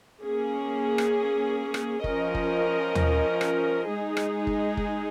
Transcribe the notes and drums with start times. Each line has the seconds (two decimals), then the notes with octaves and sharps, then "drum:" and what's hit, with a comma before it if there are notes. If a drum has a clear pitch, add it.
0.22 A#3 C#4 G#4
0.98 drum: rim click
1.74 drum: rim click
2.04 F3 C#4 A#4 D#5, drum: kick
2.35 drum: kick
2.95 drum: tom
3.41 drum: rim click
3.87 G#3 D#4 G#4
4.17 drum: rim click
4.47 drum: kick
4.77 drum: kick